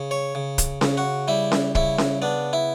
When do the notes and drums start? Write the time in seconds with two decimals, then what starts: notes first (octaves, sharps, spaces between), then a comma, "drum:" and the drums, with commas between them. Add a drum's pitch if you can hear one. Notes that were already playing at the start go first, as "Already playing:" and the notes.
Already playing: C#3
0.11 C#5
0.35 C#3
0.58 drum: kick, hi-hat
0.81 C#3, drum: snare C#4
0.97 F#4
1.28 G3 E4
1.52 drum: snare C#4
1.75 C#3 E4, drum: kick
1.98 drum: snare C#4
2.22 B3 D4
2.53 E4